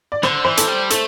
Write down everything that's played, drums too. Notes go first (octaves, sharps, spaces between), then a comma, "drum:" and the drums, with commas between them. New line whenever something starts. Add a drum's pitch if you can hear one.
D5
D3 C5, drum: rim click
E3 C5
A4, drum: hi-hat
G3
A3 A4, drum: hi-hat